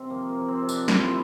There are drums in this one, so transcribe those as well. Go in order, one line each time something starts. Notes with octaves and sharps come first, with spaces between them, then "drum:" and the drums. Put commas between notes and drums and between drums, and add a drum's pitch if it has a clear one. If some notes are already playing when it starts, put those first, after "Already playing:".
Already playing: C3 C4
F3 A#3
A#3
F3
C4
C3
D4, drum: tambourine
F3 E4, drum: snare
F4
E4